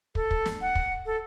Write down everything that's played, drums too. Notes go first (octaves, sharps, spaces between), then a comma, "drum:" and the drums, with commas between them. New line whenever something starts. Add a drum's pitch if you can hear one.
A4, drum: kick
drum: kick
drum: snare
F#5
drum: kick
A4